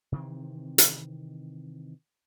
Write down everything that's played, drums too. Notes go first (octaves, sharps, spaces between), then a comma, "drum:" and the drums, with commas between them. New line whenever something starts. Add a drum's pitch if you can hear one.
C3 D#3 E3 C4
drum: hi-hat